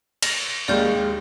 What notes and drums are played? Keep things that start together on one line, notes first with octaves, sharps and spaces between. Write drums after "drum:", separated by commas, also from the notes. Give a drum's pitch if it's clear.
A#6, drum: cymbal
D#2 G#3 D5 F6 G6